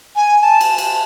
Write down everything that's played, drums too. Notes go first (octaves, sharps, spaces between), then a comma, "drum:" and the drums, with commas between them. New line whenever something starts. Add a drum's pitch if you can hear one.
G#5
A5
drum: cymbal
drum: cymbal